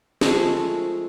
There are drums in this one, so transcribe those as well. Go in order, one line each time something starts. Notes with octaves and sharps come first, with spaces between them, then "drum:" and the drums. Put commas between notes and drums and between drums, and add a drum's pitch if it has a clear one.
F3 G#3 A3 C#6, drum: snare